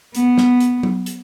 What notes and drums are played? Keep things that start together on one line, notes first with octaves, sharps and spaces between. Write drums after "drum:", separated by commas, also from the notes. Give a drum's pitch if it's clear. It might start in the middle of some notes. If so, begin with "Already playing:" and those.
B3, drum: hi-hat
drum: snare
drum: hi-hat
drum: tom F#3
drum: hi-hat